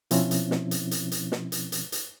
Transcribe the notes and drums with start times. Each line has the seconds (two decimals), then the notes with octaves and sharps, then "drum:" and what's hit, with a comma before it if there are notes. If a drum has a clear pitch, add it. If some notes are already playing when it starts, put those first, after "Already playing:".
0.11 B2 F3 C4 C#4 E4, drum: hi-hat
0.31 drum: hi-hat
0.51 drum: snare
0.71 drum: hi-hat
0.91 drum: hi-hat
1.12 drum: hi-hat
1.32 drum: snare
1.52 drum: hi-hat
1.72 drum: hi-hat
1.92 drum: hi-hat